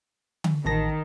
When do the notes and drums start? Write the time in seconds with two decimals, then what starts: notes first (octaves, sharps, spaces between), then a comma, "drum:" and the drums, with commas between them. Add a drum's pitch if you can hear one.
0.44 drum: tom D3
0.65 A1 D#3 A5 A#6